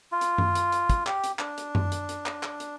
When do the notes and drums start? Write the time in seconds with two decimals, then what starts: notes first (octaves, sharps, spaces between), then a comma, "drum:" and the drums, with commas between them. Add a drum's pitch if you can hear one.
0.12 F4
0.21 drum: hi-hat
0.38 drum: tom F#2
0.55 drum: hi-hat
0.72 drum: hi-hat
0.90 drum: kick, hi-hat
1.07 G4, drum: clap
1.24 drum: hi-hat
1.39 D4, drum: clap
1.58 drum: hi-hat
1.75 drum: tom F#2
1.92 drum: hi-hat
2.09 drum: hi-hat
2.26 drum: clap
2.43 drum: clap
2.60 drum: hi-hat